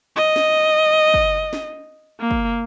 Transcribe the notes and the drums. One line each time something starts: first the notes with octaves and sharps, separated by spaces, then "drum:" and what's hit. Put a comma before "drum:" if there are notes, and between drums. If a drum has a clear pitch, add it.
D#5
drum: snare
drum: kick
drum: snare
A#3
drum: kick